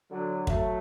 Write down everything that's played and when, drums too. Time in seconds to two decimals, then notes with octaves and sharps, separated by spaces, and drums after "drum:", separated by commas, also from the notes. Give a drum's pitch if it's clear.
0.10 D3 F#3
0.47 F#3 A3, drum: kick